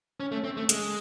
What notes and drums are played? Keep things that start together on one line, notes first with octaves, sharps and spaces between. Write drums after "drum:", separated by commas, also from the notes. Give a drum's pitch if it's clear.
C#4
A3
C4
A3
G#3, drum: hi-hat